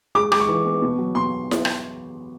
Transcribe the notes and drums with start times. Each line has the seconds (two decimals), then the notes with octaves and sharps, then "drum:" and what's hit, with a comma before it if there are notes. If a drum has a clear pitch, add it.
0.15 G#3 D6
0.32 G#3 D6, drum: rim click
0.40 C#6
0.48 E3
0.65 B3
0.82 B2
0.98 F#3
1.15 B2 C6
1.51 drum: snare
1.65 drum: rim click